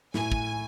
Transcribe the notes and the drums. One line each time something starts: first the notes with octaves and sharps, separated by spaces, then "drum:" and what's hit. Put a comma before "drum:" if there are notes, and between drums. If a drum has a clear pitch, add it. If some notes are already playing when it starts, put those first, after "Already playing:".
A2 G#5, drum: snare
drum: kick